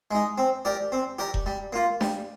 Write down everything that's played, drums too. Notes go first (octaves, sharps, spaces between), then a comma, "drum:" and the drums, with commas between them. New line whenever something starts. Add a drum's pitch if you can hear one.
G#3 D#4
C4
G4 A#4 D5
C4
G4 A#4 D5
drum: kick E1
G3
A#3 F4
G3, drum: snare D4